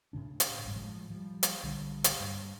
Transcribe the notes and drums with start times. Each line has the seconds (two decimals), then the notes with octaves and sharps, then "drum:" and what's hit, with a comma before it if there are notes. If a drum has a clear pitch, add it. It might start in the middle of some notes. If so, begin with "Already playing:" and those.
0.13 A2 C#3 D4
0.40 drum: hi-hat
0.64 G#1 G2
0.75 A2 F3 G#3
1.10 F3 G3
1.43 drum: hi-hat
1.63 A#1 D3 G3
2.04 drum: hi-hat
2.20 G2